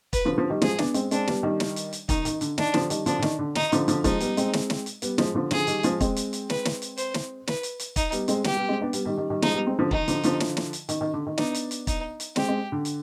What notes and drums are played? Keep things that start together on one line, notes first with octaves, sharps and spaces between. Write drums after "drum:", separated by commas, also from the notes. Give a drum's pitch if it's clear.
B4, drum: kick, hi-hat
D3 F3
D3 F3
D#3 G3
F3 G#3 G#4, drum: snare
B3 D4, drum: snare
G#3 C4, drum: hi-hat
G#3 C4 D4, drum: hi-hat
G3 B3, drum: snare
D#3 G3
drum: snare
drum: hi-hat
drum: hi-hat
D#3 D#4, drum: kick, hi-hat
D#3, drum: hi-hat
D3, drum: hi-hat
D#3 D4, drum: snare
D3 F3, drum: snare
D#3 G3, drum: hi-hat
D3 F3 D4, drum: hi-hat
D3
D#3, drum: snare
D3
D#3 D#4, drum: snare
D3 F3, drum: hi-hat
D3 F3, drum: hi-hat
F3 G#3 D#4, drum: kick, hi-hat
G3 B3, drum: hi-hat
G#3 C4, drum: hi-hat
drum: snare
drum: snare
drum: hi-hat
G3 B3, drum: hi-hat
F3 G#3, drum: snare
D3 F3
D3 F3 G#4, drum: snare
D#3 G3, drum: hi-hat
F3 G#3, drum: hi-hat
G#3 C4, drum: kick, hi-hat
drum: hi-hat
drum: hi-hat
B4, drum: snare
drum: snare
drum: hi-hat
C5, drum: hi-hat
drum: snare
B4, drum: snare
drum: hi-hat
drum: hi-hat
D#4, drum: kick, hi-hat
G3 B3, drum: hi-hat
G#3 C4, drum: hi-hat
G3 B3 G4, drum: snare
G3 B3
G#3 C4
B3 D4
G3 B3, drum: hi-hat
D#3 G3
D#3 G3
D#3 G3
F3 G#3 D#4, drum: snare
G3 B3
G#3 C4
D3 F3
D#3 D#4, drum: kick
D3 F3, drum: hi-hat
D3 F3, drum: hi-hat
drum: snare
drum: snare
drum: hi-hat
D#3, drum: hi-hat
D#3
D3
D#3
B3 D4 D#4, drum: snare
drum: hi-hat
drum: hi-hat
D#4, drum: kick, hi-hat
drum: hi-hat
G#3 C4 G4, drum: snare
G#3 C4
D3
drum: hi-hat